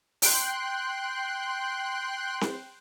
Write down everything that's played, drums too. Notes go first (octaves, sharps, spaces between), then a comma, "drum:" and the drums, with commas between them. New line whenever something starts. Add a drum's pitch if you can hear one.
G5 C6 F#6, drum: open hi-hat
drum: snare C4